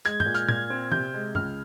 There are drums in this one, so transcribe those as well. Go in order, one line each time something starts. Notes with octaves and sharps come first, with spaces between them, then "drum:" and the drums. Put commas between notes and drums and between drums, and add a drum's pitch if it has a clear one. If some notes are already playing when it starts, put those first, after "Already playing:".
G#3 G#6, drum: hi-hat
G6, drum: tom
A#2
F6, drum: hi-hat
A#2 G#6, drum: tom
C4
C3 G6, drum: tom
G#3
C#2 F6, drum: tom